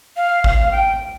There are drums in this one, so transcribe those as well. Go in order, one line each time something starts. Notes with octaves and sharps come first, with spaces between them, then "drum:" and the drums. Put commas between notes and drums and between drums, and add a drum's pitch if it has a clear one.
F5
F5, drum: kick G#1
G5